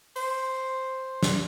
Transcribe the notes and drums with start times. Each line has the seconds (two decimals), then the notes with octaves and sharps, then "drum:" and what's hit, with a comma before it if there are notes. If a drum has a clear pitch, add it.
0.16 C5, drum: open hi-hat
1.23 drum: snare